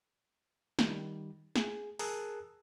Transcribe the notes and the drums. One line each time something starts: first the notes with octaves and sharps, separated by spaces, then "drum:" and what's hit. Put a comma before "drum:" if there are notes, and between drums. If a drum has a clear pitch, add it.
D#3 G3, drum: snare
G#4, drum: snare
G#4 A#4 A5 D#6 E6 F#6, drum: open hi-hat